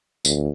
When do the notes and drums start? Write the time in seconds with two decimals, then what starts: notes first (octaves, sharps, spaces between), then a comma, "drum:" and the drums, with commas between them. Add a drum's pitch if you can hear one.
0.25 D2, drum: tambourine